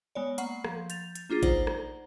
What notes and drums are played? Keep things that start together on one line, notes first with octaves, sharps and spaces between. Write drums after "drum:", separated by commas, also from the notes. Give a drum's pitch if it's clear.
G#3 B3 C#5 D5
A#3 F#5 B5 C#6 C7, drum: hi-hat
F3, drum: rim click
G6 A6 F7, drum: hi-hat
drum: hi-hat
A#3 D4 F4 G#4
D#4 C5 D5 F#5 A#5, drum: kick A1, hi-hat
drum: rim click